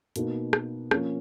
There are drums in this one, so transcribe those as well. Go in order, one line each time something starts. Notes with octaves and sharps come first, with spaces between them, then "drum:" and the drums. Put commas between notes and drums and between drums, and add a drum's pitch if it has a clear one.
B2 A#3 D#4, drum: hi-hat
drum: rim click
F3 A#3 C#4, drum: rim click